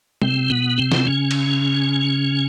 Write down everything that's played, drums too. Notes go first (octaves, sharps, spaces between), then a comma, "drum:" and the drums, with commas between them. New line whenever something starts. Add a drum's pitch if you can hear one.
C3 C4, drum: tom
B2 B3
C3 C4
drum: snare
C#3 C#4
drum: cymbal